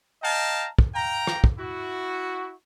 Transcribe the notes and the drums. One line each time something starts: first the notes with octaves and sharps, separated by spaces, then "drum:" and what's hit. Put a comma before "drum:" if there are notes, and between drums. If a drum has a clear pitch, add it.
D#5 F5 G5 A5 A#5
drum: kick
F5 G5 A#5
drum: rim click
drum: kick
E4 F#4